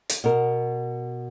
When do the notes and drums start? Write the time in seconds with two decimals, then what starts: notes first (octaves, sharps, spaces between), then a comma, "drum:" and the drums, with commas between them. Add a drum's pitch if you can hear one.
0.09 drum: hi-hat
0.24 B2 A#4